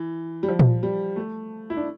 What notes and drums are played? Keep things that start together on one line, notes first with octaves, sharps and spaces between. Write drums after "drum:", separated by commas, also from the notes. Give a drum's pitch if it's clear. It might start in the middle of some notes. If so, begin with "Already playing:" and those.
Already playing: E3
G3
F3
drum: tom A#2
G3
A3
E4
D4